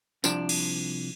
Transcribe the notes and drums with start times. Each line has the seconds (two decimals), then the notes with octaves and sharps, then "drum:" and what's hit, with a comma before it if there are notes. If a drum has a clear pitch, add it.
0.24 C2 C3 F3 D4, drum: tambourine
0.49 drum: cymbal